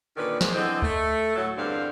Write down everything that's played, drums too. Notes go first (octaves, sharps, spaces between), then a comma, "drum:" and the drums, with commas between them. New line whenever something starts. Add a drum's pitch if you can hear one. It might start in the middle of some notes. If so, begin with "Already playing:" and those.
A#2 D3 D#3 C#4 B4 D5
D#3 G#3 C5, drum: snare
D3 E3 B3 C4 A4 D#5
A3, drum: kick D2
A2 F#3 A4
E2 G2 D3 C4 F5